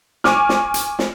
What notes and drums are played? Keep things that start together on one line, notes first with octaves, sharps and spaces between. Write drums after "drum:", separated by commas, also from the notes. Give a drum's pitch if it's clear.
G#5 C#6 D6 F6, drum: snare
drum: snare
drum: hi-hat
drum: snare